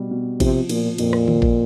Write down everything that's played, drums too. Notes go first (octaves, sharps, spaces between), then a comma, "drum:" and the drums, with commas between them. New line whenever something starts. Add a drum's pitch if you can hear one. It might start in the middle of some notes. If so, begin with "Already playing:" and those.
Already playing: B2 G3
B2
C3 F3, drum: kick A1, cymbal
A#2 F3, drum: cymbal
F2 A#2, drum: cymbal
drum: rim click
F3, drum: tom D3
drum: kick A1